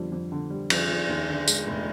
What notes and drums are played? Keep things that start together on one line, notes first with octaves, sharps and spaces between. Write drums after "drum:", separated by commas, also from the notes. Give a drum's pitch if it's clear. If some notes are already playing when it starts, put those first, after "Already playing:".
Already playing: F2 D3 G3
F2
D3
G3
F2, drum: cymbal
F2
D#2
D3
G#3, drum: tambourine
F1